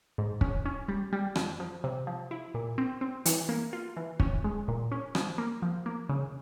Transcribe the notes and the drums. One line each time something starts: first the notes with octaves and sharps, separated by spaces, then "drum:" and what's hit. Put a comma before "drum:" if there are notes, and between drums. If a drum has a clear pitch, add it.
G#2
C#4, drum: kick
C#4
G3
G3
F2, drum: rim click
F3
C3
F3
E4
A#2
C4
C4
E3, drum: hi-hat
A#3
F4
E3
C#4, drum: kick
G#3
A#2
C#4
F3, drum: rim click
A#3
F3
A#3
C#3